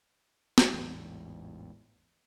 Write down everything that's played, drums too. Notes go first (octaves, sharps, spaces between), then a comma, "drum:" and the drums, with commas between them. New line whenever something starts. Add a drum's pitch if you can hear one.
drum: snare
A1 E2 G#2